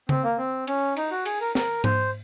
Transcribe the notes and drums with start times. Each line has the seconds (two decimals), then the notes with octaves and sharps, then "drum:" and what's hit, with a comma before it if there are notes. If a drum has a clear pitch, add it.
0.09 C4, drum: tom C#3
0.24 A#3
0.38 C4
0.67 C#4, drum: cymbal
0.97 D#4, drum: cymbal
1.11 F#4
1.25 G#4, drum: cymbal
1.41 A#4
1.55 A#4, drum: snare
1.84 C5, drum: tom G#2